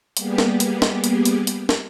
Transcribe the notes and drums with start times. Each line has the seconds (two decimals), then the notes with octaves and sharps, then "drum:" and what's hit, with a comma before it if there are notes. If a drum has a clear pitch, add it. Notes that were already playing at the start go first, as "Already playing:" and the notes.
0.17 G3 A#3 B3 G4 G#4, drum: hi-hat
0.38 drum: snare
0.60 drum: hi-hat
0.82 drum: snare
1.04 drum: hi-hat
1.25 drum: hi-hat
1.47 drum: hi-hat
1.69 drum: snare